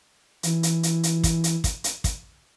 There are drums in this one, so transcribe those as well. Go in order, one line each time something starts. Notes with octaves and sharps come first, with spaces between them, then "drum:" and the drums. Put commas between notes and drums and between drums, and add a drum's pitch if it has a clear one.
E3, drum: hi-hat
drum: hi-hat
drum: hi-hat
drum: hi-hat
drum: kick, hi-hat
drum: hi-hat
drum: kick, hi-hat
drum: hi-hat
drum: kick, hi-hat